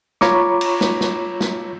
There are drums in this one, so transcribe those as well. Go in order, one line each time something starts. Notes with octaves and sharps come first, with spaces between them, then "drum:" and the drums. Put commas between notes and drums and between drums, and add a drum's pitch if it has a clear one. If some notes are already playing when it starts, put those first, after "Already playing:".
F4 C#5 A#5 B5 C#6 D6, drum: snare
drum: cymbal
drum: snare
drum: snare
drum: snare